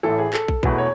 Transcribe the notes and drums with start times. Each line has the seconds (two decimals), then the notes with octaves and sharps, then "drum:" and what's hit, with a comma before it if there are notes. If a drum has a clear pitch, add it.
0.03 A1 A2 E3 A4
0.19 G#4
0.33 A4, drum: clap
0.48 drum: kick
0.63 E1 E2 B2 A3 B4, drum: kick
0.78 C#5